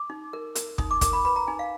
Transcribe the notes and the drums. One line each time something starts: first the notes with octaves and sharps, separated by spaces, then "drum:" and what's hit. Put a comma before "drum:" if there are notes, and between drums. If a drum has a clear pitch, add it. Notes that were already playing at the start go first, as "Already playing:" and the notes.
Already playing: D6
D#4
A#4
A#4, drum: hi-hat
D#4 D#6, drum: kick
D6
A#4 D6, drum: kick, hi-hat
B5
B4 B5
A#5
D#4 G#5
F5